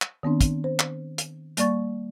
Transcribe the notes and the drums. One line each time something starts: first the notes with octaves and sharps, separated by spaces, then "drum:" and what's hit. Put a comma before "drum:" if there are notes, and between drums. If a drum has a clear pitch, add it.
drum: clap
D#3 B3 C4 D4
drum: kick, hi-hat
C5
drum: clap
drum: hi-hat
G3 A#3 D5 C#6 A6, drum: hi-hat